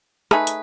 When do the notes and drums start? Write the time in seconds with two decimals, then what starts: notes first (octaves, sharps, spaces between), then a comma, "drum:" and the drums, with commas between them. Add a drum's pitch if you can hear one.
0.31 A3 D#4 G#4 B4, drum: rim click
0.47 drum: hi-hat